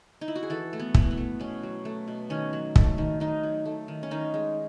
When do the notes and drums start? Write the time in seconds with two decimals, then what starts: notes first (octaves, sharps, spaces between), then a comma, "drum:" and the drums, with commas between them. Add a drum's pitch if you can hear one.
0.21 D#4
0.28 E4
0.35 F#4
0.43 G#4
0.50 E3 A4
0.73 A3
0.80 B3
0.94 E3 B3, drum: kick
1.11 B3
1.17 A3
1.40 B2 C#4
1.63 F#3
1.85 A3
2.08 B2
2.30 D#3 C#4
2.53 F#3
2.76 A3, drum: kick
2.98 D#3
3.20 D#3 D#4
3.43 F#3
3.65 A3
3.88 D#3
4.03 C#4
4.11 D#3 D#4
4.34 G#3